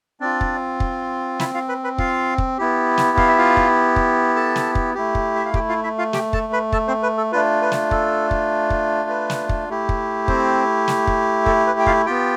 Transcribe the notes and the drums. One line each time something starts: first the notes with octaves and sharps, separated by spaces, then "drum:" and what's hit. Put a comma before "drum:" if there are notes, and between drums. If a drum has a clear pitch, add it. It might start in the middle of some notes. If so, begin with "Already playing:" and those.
C4 D4 F4 D5
drum: kick
drum: kick
E4 E5, drum: snare
F4 F5
B4 B5
B4 B5
F4 F5, drum: kick
drum: kick
B3 E4 G4
drum: snare
F5, drum: kick
E5
F4 F5
drum: kick
drum: kick
A4 A5
drum: snare
drum: kick
A3 E4 G4
drum: kick
E5
F5
G4 G5, drum: kick
F4 F5
E4 E5
F4 F5
G4 G5, drum: snare
A4 A5, drum: kick
B4 B5
A4 A5, drum: kick
C4 C5
B4
A4
A3 D4 F4 B4
B4
drum: snare
A4, drum: kick
drum: kick
drum: kick
B4
drum: snare
drum: kick
A3 E4 G4
drum: kick
C4 C5, drum: kick
drum: snare
drum: kick
A4, drum: kick
B4
G5
F4 F5, drum: kick
B3 F4 G4 G5